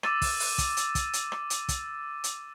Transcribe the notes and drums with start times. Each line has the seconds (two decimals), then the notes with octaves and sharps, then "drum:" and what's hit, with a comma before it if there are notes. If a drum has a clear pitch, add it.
0.03 D6 E6 A6 D#7, drum: rim click
0.22 drum: kick, open hi-hat
0.40 drum: open hi-hat
0.58 drum: kick, hi-hat
0.77 drum: hi-hat
0.95 drum: kick, hi-hat
1.13 drum: hi-hat
1.32 drum: rim click
1.50 drum: hi-hat
1.69 drum: kick, hi-hat
2.24 drum: hi-hat